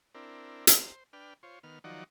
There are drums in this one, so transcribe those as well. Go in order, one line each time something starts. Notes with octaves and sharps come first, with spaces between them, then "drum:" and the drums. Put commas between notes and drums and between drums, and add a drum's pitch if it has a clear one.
C4 D4 E4 A#4
drum: hi-hat
C5
D4 B4 G5 F6
F4 C5 C#5
D#3 B3 F6
D#3 F3 F#3 D#4 D5 F#5